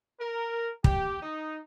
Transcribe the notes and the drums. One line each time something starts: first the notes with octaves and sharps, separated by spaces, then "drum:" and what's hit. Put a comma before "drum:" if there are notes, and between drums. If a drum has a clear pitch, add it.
A#4
G4, drum: kick
D#4